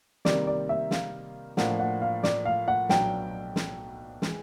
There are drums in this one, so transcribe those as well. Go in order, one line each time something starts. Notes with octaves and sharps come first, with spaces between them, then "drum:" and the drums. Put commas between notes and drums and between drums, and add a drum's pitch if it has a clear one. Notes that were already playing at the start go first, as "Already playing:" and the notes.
C3 D#3 G3 A#3 D5, drum: snare
D5
E5
F5, drum: snare
A2 F3 A#3 D4 F4 F#5, drum: snare
F#5
F5
D5, drum: snare
F5
F#5
B1 A#2 F#3 B3 D4 G5, drum: snare
drum: snare
E3 G#3, drum: snare